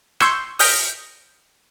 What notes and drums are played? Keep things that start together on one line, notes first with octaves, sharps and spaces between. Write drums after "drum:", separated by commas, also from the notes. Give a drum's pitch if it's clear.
C6 C#6 E6 G6 G#6 C#7, drum: rim click
D#6 F6 G6 A#6 B6 D7, drum: open hi-hat